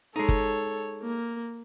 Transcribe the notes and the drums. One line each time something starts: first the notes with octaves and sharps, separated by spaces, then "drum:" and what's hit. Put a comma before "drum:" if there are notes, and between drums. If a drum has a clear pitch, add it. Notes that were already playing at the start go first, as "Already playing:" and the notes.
G#3 D#4 A4 C#5
drum: kick
A#3